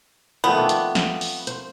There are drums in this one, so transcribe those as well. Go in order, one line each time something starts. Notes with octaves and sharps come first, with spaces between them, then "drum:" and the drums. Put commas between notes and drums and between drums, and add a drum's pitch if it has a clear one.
D#3 F3 A3 B3
C4 D4
drum: hi-hat
drum: snare
drum: open hi-hat
C5, drum: hi-hat